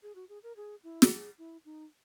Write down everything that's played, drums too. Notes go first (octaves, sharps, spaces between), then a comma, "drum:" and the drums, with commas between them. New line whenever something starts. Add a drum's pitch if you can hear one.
G#4
F#4
G#4
A#4
G#4
E4
drum: snare
G#4
E4
D#4